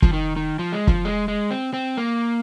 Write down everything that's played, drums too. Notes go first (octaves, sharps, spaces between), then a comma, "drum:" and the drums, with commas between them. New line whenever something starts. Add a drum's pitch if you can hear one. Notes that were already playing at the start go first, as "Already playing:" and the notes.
F3, drum: kick
D#3
D#3
F3
G#3
F3, drum: kick
G#3
G#3
C4
C4
A#3